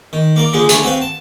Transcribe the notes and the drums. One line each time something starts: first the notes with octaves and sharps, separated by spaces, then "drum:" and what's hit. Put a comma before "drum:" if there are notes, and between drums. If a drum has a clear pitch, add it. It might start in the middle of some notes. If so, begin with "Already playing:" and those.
D#3
A#3 A#4 D5
D3 F3 A#3 G#4
D3 A3 G#5, drum: hi-hat
C4 F#4 B4 F5
A5